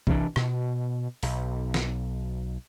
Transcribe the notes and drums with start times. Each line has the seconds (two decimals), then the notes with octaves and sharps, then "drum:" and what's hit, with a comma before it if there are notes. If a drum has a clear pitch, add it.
0.07 C3 E3 D4, drum: kick
0.36 B2, drum: rim click
1.23 B1, drum: open hi-hat
1.74 drum: snare